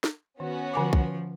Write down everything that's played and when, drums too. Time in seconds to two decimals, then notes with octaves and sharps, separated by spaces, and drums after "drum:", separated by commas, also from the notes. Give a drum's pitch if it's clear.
0.04 drum: snare
0.40 D#3 B3 C#4 F#4
0.74 D3 F3 G#5 D6
0.93 drum: kick